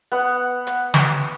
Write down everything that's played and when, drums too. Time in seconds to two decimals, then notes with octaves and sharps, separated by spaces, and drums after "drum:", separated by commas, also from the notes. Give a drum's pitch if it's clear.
0.12 B3 F#5
0.67 drum: hi-hat
0.94 drum: snare